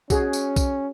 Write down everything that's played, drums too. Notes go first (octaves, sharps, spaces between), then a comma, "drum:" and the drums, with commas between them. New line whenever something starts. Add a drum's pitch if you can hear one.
C#4 F#4 G#4, drum: kick B1, tambourine
drum: tambourine
drum: kick B1, tambourine